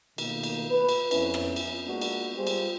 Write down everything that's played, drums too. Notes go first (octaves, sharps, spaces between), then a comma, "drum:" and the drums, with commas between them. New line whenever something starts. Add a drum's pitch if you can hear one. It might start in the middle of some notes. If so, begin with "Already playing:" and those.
B2 D#3 A3 A#3, drum: cymbal
drum: cymbal
B4
drum: cymbal
F2 B3 C#4 E4, drum: cymbal
drum: rim click
drum: cymbal
G#3 A#3 B3 D4 F#4
drum: cymbal
G3 F4 G4 G#4 C5
drum: cymbal